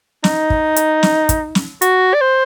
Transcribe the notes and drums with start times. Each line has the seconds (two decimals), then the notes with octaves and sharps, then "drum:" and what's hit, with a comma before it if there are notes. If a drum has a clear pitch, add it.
0.24 D#4, drum: snare
0.50 drum: kick
0.76 drum: hi-hat
1.03 drum: snare
1.29 drum: kick, hi-hat
1.55 drum: snare
1.82 F#4, drum: hi-hat
2.14 D5
2.21 C5